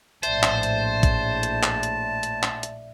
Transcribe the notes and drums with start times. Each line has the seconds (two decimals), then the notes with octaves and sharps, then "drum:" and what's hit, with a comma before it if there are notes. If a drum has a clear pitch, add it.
0.23 A#1 A2 C5 D5 E5 A5, drum: hi-hat
0.43 drum: clap
0.63 drum: hi-hat
1.03 drum: kick, hi-hat
1.43 drum: hi-hat
1.63 drum: clap
1.83 drum: hi-hat
2.23 drum: hi-hat
2.43 drum: clap
2.63 drum: hi-hat